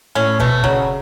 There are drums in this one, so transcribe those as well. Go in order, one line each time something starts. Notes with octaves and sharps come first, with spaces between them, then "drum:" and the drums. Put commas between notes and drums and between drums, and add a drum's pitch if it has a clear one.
A2 C#4
B2 A3, drum: kick F#1
C#3 F#3, drum: kick F#1